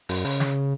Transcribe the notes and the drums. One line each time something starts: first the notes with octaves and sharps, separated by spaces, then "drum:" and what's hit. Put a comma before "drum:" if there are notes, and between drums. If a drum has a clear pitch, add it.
F#2, drum: open hi-hat
C#3, drum: open hi-hat
drum: snare